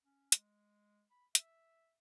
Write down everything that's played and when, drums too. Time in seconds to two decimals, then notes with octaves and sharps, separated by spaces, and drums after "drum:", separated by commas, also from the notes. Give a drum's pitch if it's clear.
0.05 C#4
0.32 G#3, drum: hi-hat
1.11 B5
1.35 E5, drum: hi-hat